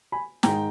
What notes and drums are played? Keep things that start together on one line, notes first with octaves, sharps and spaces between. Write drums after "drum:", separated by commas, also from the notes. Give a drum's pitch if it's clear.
G#5 B5
G#2 D#3 G#3 G5 A#5, drum: snare